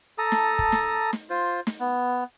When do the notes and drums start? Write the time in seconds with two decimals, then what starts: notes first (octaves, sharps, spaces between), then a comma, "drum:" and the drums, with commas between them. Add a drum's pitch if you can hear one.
0.18 A4 A5 A#5 D#6
0.32 drum: snare
0.59 drum: kick
0.72 drum: snare
1.13 drum: snare
1.30 F4 C5
1.67 drum: snare
1.80 B3